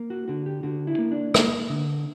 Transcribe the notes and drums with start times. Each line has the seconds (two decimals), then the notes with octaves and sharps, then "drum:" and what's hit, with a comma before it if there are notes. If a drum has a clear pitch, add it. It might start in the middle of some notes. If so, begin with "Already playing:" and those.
Already playing: A#3
0.10 F#4
0.28 D3 F#4
0.46 G4
0.63 D3 F#4
0.87 E4
0.99 A#3
1.12 D4
1.34 A#3, drum: rim click
1.70 D3